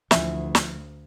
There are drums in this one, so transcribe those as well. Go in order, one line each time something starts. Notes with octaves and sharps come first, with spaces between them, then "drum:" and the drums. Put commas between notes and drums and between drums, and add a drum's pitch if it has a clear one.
D2 E3 F3 E5, drum: snare
drum: snare